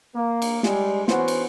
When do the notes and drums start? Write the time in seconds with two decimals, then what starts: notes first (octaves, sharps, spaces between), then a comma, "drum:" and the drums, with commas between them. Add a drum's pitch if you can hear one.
0.16 A#3
0.42 drum: cymbal
0.63 G3 G#3, drum: snare
1.08 E3 B3 C#4 F#4 C5, drum: snare
1.28 drum: cymbal